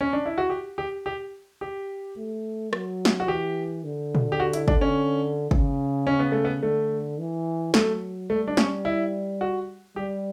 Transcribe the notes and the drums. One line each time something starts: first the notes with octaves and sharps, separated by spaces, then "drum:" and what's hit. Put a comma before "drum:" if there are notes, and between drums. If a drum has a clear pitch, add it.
C#4
D4
E4
F#4
G4
G4
G4
G4
A3
F#3, drum: rim click
drum: snare
F#4
E3 G4
D3
drum: tom A#2
G4
F#4
E4, drum: hi-hat
D4, drum: kick
C#4
C#3, drum: kick
C#4
B3
A3
B3
D3 A3
E3
F#3 A3, drum: snare
G3 A3
D4
C#4, drum: snare
E4
F#4
G3 G4